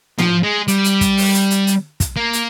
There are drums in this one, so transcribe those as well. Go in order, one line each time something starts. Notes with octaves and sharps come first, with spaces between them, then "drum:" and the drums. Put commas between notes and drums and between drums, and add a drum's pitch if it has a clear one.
F3, drum: tom
G#3
G3, drum: hi-hat
drum: hi-hat
drum: kick, hi-hat
drum: open hi-hat
drum: hi-hat
drum: hi-hat
drum: hi-hat
drum: kick, hi-hat
A#3
drum: hi-hat